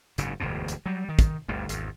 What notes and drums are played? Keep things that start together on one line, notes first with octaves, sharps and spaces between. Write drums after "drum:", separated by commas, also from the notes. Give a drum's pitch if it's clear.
F#1 G#2 C#3, drum: hi-hat
E1 D2 G2 B2
drum: hi-hat
F#3 G3
D#3
drum: kick, hi-hat
G1 D2 G2
G#1 E2, drum: hi-hat